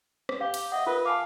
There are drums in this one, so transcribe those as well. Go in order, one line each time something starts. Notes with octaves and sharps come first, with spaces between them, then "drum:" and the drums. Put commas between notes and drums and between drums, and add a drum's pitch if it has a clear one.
drum: rim click
G4 F5
drum: cymbal
D#5 E5 F#5
F4 A#4 B4
F5 G#5 A5 D6